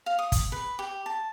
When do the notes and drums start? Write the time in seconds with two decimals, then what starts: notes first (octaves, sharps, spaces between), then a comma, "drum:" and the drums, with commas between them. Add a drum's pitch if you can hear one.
0.06 F5
0.19 D#6
0.32 drum: kick, hi-hat
0.52 B4
0.79 G4
1.06 A5